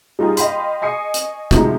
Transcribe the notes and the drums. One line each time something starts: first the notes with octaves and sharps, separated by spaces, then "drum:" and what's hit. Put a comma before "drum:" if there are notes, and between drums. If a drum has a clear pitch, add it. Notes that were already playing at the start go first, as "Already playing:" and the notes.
G3 D#4 F4 G4 G#4
D#5 F5 G5 B5 C6, drum: hi-hat
D#5 G#5 C#6 D#6 C7 C#7
drum: hi-hat
C3 F3 F#3 G#3 A3 D#4, drum: kick, hi-hat